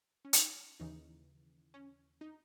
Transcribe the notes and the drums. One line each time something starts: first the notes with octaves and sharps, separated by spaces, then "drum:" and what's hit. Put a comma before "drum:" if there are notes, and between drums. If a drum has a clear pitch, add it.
C#4
D#4, drum: hi-hat
D#2 C#3 E3 D#4
C#4
D#4